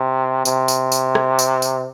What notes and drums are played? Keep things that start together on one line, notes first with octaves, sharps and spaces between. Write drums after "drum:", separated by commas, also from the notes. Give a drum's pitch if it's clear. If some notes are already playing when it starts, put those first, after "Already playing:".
Already playing: C3
C3, drum: tambourine
drum: tambourine
drum: tambourine
drum: rim click
drum: tambourine
drum: tambourine